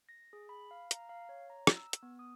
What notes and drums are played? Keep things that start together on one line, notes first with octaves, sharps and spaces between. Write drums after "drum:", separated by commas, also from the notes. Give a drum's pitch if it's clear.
A#6
G#4
B5
F5
A#5, drum: hi-hat
F5
C#5
A#5
drum: rim click
E6
drum: hi-hat
B3
D#6